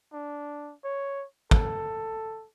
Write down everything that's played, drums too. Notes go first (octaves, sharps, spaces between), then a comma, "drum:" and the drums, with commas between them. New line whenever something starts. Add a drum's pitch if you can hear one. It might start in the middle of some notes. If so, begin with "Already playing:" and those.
D4
C#5
A4, drum: kick